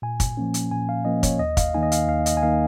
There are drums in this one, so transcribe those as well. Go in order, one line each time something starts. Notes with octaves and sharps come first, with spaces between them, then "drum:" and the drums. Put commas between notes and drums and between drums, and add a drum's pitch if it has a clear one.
A#2 G#5
drum: kick, hi-hat
F3 A#3 C#4
drum: hi-hat
A#2 G#5
F5
F3 A#3 C#4 D#5
C#5, drum: kick, hi-hat
D#2 D#5
F5, drum: kick, hi-hat
D#3 A#3 D#4 G#5
D#5
F5, drum: hi-hat
D#2 F5
D#5, drum: hi-hat
G#5
D#3 A#3 D#4 F5